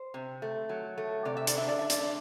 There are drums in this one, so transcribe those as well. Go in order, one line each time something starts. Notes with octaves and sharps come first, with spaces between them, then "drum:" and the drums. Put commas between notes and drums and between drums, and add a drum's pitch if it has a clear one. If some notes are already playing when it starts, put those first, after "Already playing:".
Already playing: C5
C3
A3
F#3
A3
C3 D5
E5
D5, drum: hi-hat
D4 E5
D5
D4 E5
D5, drum: hi-hat